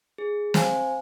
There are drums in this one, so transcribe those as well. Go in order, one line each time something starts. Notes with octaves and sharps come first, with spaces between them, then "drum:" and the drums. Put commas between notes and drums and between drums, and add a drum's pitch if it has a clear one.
G#4
C5 F5 G#5, drum: snare